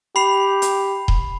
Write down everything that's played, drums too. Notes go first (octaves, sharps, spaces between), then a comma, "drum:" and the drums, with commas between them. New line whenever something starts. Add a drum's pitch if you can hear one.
G4 B5 C7 F7
drum: hi-hat
drum: kick D#1